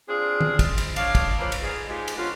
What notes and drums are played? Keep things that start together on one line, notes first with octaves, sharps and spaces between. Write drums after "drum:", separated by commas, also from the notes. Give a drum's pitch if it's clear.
C4 D4 F4 G#4
drum: tom D#3
drum: kick, cymbal
drum: cymbal
D4 C#5 F5, drum: cymbal
drum: kick, cymbal
A#3 C#4 F4 B4 C5
drum: cymbal
G#2 D3 G#4
G#3 C4 D#4 F4 G4
drum: cymbal
D3 B3 C#4 F4